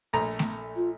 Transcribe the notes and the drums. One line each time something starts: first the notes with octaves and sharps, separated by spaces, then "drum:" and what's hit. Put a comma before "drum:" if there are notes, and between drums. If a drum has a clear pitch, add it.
A#1 A3 A#5
drum: snare A3
F4